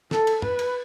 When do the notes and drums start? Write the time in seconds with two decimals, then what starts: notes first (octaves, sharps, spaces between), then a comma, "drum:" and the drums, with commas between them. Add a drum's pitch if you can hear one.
0.11 A4, drum: snare
0.27 drum: cymbal
0.42 B4, drum: tom F#2
0.59 drum: cymbal